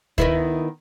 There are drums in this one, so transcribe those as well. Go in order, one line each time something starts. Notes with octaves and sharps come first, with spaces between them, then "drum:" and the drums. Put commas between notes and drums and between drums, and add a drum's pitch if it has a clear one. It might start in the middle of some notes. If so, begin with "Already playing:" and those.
D#3 B3 E4, drum: kick D2